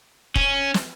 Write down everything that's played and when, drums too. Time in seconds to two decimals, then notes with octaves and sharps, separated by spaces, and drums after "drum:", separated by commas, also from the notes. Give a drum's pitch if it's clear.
0.36 C#4, drum: kick
0.74 drum: snare